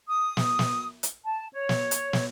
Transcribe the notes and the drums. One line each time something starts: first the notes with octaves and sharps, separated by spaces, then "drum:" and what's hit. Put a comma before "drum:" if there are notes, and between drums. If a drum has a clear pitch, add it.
D#6
drum: snare
drum: snare
drum: hi-hat
A5
C#5
drum: snare
drum: hi-hat
drum: snare